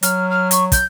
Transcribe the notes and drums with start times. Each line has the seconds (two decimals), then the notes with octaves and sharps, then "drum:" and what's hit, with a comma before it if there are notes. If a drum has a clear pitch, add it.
0.03 F#3 F6, drum: hi-hat
0.30 F6
0.51 C#6, drum: hi-hat
0.72 G6, drum: kick, hi-hat